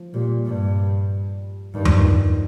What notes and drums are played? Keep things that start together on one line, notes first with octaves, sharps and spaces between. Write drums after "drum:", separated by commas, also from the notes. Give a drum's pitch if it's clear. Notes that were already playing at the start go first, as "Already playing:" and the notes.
Already playing: F3
A#2 G3
G2
G2 D#3
F3, drum: tom E2
D#3